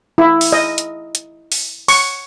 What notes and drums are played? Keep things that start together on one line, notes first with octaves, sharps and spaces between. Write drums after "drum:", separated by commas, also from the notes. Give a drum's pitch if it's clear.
E4
drum: open hi-hat
D#5
drum: hi-hat
drum: hi-hat
drum: open hi-hat
C#6, drum: open hi-hat